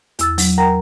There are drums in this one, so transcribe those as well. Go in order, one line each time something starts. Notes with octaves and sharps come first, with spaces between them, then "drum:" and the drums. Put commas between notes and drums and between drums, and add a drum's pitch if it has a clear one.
E2 E6 A6, drum: hi-hat
F#3, drum: open hi-hat
A#4 F#5 G5 A#5 A#6